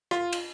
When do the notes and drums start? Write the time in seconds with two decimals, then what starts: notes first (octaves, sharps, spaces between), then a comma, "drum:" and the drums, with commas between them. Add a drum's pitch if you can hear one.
0.11 F4, drum: rim click
0.32 drum: cymbal